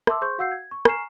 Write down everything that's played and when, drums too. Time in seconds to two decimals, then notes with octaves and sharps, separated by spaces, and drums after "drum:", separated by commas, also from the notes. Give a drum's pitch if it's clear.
0.07 E5 A5 C6 D6 E6, drum: rim click
0.21 G#4 C5 C6 C#6 G6
0.38 F#4 F5 F#5 E6 G6 C7
0.51 G#6
0.71 C#6
0.85 G#5 A#5 C#6 F6 C7 E7, drum: rim click